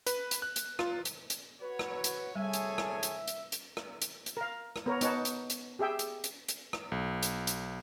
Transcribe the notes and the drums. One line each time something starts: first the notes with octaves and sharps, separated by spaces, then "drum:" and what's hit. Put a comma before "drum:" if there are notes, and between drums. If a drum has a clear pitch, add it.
B4, drum: hi-hat
drum: hi-hat
F#6
drum: hi-hat
F4, drum: rim click
drum: hi-hat
drum: hi-hat
F#4 B4 C#5
drum: rim click
drum: hi-hat
D2 C3 G3 G#4 A4 C#5 E5 G#5
drum: hi-hat
drum: rim click
drum: hi-hat
drum: hi-hat
drum: hi-hat
drum: rim click
drum: hi-hat
drum: hi-hat
A#4 F5
drum: rim click
B3 A#4 C#5
B3 D#4 C#5 F#5 A5, drum: hi-hat
drum: hi-hat
drum: hi-hat
G4 G#4 E5 G5
drum: hi-hat
drum: hi-hat
drum: hi-hat
drum: rim click
B1
drum: hi-hat
drum: hi-hat